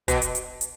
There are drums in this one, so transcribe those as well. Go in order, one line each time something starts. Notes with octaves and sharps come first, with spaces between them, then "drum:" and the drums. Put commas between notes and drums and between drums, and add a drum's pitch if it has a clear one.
B2, drum: kick, hi-hat
drum: hi-hat
drum: hi-hat
drum: hi-hat